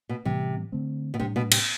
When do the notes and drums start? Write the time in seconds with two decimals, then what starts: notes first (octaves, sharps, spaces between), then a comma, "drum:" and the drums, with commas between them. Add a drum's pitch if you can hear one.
0.09 B2
0.25 A2 C3 E3 G3 B3
0.72 D3 A3 C4
1.14 B2
1.19 A2 C3 G3 D4
1.36 B2
1.52 C3, drum: cymbal